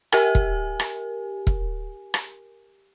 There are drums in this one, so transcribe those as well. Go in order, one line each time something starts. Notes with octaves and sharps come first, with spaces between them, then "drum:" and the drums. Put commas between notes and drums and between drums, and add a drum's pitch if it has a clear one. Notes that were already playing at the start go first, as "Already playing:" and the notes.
G4 A#4 G#5, drum: rim click
drum: kick E1
drum: rim click
drum: kick E1
drum: rim click